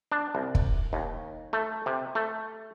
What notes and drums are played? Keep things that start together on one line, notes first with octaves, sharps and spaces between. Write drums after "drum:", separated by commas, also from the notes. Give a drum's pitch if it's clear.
D4
C2
drum: kick
D#2
A3
C3
A3